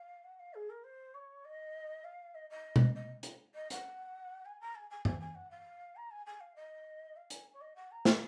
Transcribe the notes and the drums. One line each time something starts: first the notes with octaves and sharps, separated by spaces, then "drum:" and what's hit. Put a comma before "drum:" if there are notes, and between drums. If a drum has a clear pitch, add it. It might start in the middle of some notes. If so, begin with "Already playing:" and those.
Already playing: F5
F#5
F5
G#4
A#4
C5
C#5
D#5
F5
D#5
D#5
drum: tom B2
D#5
drum: hi-hat
D#5
F#5, drum: hi-hat
G#5
A#5
G#5
G#5
G#5, drum: tom F#2
G#5
F#5
F5
A#5
G#5
G#5
F5
D#5
F5
G#5, drum: hi-hat
C#5
D#5
F#5
A#5
G#5, drum: snare